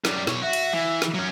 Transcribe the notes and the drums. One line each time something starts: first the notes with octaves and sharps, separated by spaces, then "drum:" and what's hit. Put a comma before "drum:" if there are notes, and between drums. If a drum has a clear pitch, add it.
F#2 G3, drum: snare
B2 C#5, drum: snare
F#4 E5
drum: cymbal
E3
drum: snare
F#3 C#4